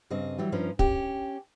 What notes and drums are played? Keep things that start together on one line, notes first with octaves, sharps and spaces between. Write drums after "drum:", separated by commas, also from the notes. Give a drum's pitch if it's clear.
G2 C#3 C4 D#5
E3 F#3 G3
G2 F3 C#4 D#4
C#4 G4, drum: kick